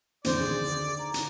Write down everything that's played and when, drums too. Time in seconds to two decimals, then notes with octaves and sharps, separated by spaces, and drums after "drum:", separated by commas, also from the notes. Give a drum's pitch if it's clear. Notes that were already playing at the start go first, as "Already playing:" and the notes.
0.24 F2 D3 E3 C5 D5, drum: hi-hat
0.40 D2 D3 D#3 G#4
0.99 A#5
1.14 drum: hi-hat